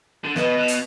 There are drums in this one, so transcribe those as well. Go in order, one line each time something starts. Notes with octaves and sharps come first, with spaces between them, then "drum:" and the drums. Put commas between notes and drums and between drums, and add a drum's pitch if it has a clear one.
D3
B2 B4 D#5, drum: snare
B2
drum: hi-hat